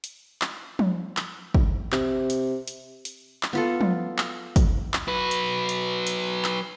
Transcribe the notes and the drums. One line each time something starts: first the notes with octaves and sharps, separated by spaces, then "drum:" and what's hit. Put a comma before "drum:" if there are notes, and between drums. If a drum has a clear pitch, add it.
drum: hi-hat
drum: clap
drum: tom F3
drum: clap
drum: kick
C3, drum: clap
drum: hi-hat
drum: hi-hat
drum: hi-hat
drum: clap
B3 F4 A4
drum: tom F3
drum: clap
drum: kick, hi-hat
drum: clap
F#3 B4
drum: hi-hat
drum: hi-hat
drum: hi-hat
drum: clap